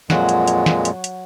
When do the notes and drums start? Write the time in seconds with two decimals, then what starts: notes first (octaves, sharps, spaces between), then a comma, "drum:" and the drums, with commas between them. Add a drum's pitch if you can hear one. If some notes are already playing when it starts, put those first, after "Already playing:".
0.10 F2 A#2 F#3 G#3 F#4, drum: snare
0.29 drum: hi-hat
0.47 drum: hi-hat
0.66 drum: snare
0.85 drum: hi-hat
1.04 drum: hi-hat